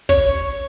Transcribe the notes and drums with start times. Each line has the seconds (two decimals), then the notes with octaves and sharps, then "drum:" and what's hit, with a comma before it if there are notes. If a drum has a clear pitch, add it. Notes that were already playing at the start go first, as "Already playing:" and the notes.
0.09 C#5, drum: kick, hi-hat
0.23 drum: hi-hat
0.36 drum: hi-hat
0.50 drum: hi-hat